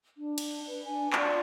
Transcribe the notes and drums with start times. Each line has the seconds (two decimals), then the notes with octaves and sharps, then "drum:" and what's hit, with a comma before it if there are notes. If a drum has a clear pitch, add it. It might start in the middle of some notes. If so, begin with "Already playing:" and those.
0.17 D4
0.38 drum: cymbal
0.68 B4
0.85 D4 G#5
1.13 F4 D5 C#6, drum: clap